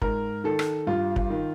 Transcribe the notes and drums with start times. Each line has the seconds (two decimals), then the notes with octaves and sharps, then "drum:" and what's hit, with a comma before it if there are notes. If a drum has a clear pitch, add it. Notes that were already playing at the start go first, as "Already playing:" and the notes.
0.02 G#2 A#4, drum: kick
0.44 D#3 A4
0.59 drum: rim click
0.87 G2 F4
1.16 drum: kick
1.30 D#3